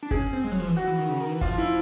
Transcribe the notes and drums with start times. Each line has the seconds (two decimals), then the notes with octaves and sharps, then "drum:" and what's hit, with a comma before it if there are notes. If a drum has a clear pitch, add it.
0.03 D4
0.11 C#4 G#4, drum: kick F1, hi-hat
0.33 C4
0.44 G#3
0.52 F#3
0.60 F3
0.68 E3
0.77 F#4, drum: hi-hat
0.87 E3
0.98 D#3
1.09 C#3
1.20 D#3
1.31 E3
1.41 F3 F4, drum: kick F1, hi-hat
1.58 E4